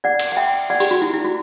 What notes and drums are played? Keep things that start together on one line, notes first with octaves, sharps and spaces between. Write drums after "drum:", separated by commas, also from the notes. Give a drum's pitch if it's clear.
D5 F#5
drum: cymbal
F#5
E5 G5
D5 F#5
G4, drum: open hi-hat
F#4
E4
E4
F#4